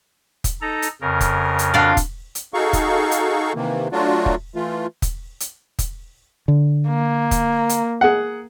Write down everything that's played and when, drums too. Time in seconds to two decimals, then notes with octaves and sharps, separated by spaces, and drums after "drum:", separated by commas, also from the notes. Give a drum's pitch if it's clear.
0.44 drum: kick, hi-hat
0.61 D#4 A4 A#5
0.82 drum: hi-hat
1.01 F2 C#3 A#4
1.21 drum: kick, hi-hat
1.59 drum: hi-hat
1.74 D4 F4 F#4
1.97 drum: kick, hi-hat
2.35 drum: hi-hat
2.54 D#4 F#4 G#4 A4 F5 C#6
2.73 drum: kick, hi-hat
3.11 drum: hi-hat
3.55 C3 D#3 E3 A#3
3.92 F#3 A3 D4 F4 F#4
4.26 drum: kick
4.55 E3 A3 F4
5.02 drum: kick, hi-hat
5.40 drum: hi-hat
5.79 drum: kick, hi-hat
6.48 D3
6.89 A#3
7.31 drum: kick, hi-hat
7.69 drum: hi-hat
8.01 G#4 F#5